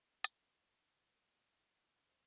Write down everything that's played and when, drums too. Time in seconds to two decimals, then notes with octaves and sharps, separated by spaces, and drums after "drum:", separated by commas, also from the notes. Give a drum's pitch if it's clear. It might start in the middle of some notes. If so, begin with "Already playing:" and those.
0.24 F#5 A#5, drum: hi-hat
1.48 G#5 D#6 F#6
1.78 G#2 G3 A3 D#4 D6 E6
2.07 D#3 A3 A#3 G4 C5